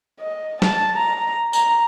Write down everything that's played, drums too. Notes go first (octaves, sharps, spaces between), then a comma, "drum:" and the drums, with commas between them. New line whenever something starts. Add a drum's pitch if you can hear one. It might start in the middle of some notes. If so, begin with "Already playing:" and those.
D#5
A5, drum: snare
A#5
A#5, drum: tambourine